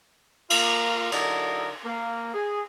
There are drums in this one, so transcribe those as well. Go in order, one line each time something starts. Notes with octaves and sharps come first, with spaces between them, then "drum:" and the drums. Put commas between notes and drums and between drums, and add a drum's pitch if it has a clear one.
A#3 F4 A#4, drum: cymbal
D3 F#3 D#4 E4 A#4 D5, drum: cymbal
A#3
G#4